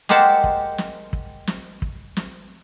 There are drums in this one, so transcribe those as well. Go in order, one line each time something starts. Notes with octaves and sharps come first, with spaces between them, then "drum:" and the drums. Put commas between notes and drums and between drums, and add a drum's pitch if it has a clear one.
G#3 G4 A#4 C5 F#5 A5, drum: snare
drum: kick
drum: snare
drum: kick
drum: snare
drum: kick
drum: snare